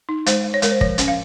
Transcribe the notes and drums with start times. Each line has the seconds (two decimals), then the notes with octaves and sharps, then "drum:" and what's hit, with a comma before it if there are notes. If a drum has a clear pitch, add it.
0.09 D#4
0.26 G#3 C5, drum: hi-hat
0.44 G#3
0.54 C#5
0.62 G#3 A#4, drum: hi-hat
0.71 C5
0.81 F3 C#5, drum: kick
0.98 C#4, drum: hi-hat
1.08 F5